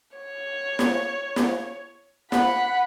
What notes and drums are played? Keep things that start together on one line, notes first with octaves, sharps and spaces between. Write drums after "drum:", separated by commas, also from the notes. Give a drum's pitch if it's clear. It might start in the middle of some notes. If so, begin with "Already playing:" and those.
C#5
drum: snare
drum: snare
F#5 B5, drum: snare